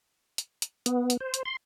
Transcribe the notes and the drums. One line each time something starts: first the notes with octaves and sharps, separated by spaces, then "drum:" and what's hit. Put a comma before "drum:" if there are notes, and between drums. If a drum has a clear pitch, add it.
drum: hi-hat
drum: hi-hat
B3, drum: hi-hat
drum: hi-hat
C5
drum: hi-hat
C6